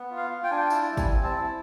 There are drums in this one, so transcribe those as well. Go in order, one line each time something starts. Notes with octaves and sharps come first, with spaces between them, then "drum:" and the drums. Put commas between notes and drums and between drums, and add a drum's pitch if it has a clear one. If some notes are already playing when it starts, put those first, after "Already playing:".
Already playing: B3
F4
F5
F4
G5
D4 G#5
G5
E4 A5, drum: tambourine
G3
G#5, drum: kick, tambourine
C4
A5
E4